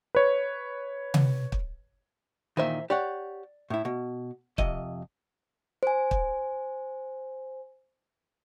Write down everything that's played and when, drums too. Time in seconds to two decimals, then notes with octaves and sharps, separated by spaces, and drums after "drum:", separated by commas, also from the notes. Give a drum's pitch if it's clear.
0.15 B4 C#5
1.14 drum: tom C3
1.52 drum: kick
2.57 A#2 D#3 E3 C5 E5
2.90 G4 C#5 D5 F#5
3.70 A2 E4
3.85 B2
4.58 F2 C3 D#5, drum: kick
5.83 C5 G#5
6.11 drum: kick